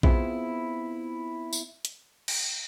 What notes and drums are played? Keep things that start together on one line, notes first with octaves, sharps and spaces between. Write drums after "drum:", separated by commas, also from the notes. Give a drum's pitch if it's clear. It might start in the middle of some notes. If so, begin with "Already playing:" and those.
B3 C4 E4 F4 G#4, drum: kick A#1
drum: tambourine
drum: hi-hat
drum: cymbal